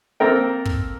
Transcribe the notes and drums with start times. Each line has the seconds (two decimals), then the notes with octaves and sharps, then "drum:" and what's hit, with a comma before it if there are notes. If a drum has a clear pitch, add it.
0.20 A#3 C4 A4 A#4 G5
0.65 drum: kick